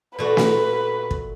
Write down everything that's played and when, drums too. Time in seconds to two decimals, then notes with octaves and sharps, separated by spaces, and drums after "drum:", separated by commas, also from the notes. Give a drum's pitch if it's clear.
0.18 A#2 A3 F#4 B4
0.37 drum: snare
1.11 drum: kick